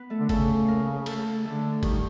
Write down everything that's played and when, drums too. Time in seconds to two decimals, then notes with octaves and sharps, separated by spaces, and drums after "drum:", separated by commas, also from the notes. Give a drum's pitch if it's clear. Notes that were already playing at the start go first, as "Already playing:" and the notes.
Already playing: B3 B4
0.10 A3 A4
0.20 D3
0.29 C#3 A3 A4, drum: kick G1, cymbal
0.68 A#3 A#4
1.06 A3 A4, drum: cymbal
1.45 D3 A3 A4
1.83 D#3 G3 G4, drum: kick G1, cymbal